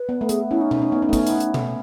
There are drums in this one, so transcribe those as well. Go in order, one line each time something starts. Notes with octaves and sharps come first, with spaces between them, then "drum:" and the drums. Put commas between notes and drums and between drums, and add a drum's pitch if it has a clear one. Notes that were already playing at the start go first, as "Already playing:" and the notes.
Already playing: B4
B3
A3
B3 G#4, drum: hi-hat
C#4 E4
D#4
C#4, drum: tom B2
C#4
B3
C#4
A3
B3, drum: kick, hi-hat
drum: hi-hat
drum: hi-hat
drum: tom B2